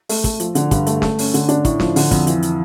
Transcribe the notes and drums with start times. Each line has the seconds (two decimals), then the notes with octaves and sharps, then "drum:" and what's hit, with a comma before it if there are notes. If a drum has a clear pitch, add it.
0.09 A3, drum: open hi-hat
0.24 A3, drum: kick, hi-hat
0.40 F3, drum: hi-hat
0.55 D3, drum: hi-hat
0.71 G2, drum: kick, hi-hat
0.86 A3, drum: hi-hat
1.02 A3, drum: snare
1.19 C#4, drum: open hi-hat
1.34 D3, drum: hi-hat
1.48 D4, drum: hi-hat
1.65 A2, drum: kick, hi-hat
1.80 F3, drum: snare
1.96 D3, drum: open hi-hat
2.11 F2, drum: kick, hi-hat
2.27 E3, drum: hi-hat
2.42 drum: hi-hat